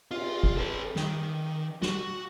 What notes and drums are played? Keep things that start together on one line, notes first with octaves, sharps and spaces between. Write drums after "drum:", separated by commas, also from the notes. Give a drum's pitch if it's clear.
F4, drum: cymbal
drum: kick
A4 B4
D#3, drum: snare
F#4, drum: snare